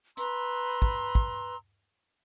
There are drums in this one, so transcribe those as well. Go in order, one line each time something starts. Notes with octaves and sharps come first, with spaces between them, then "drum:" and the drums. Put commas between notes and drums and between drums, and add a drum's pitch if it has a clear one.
B4 A#5 C6 E6, drum: hi-hat
drum: kick
drum: kick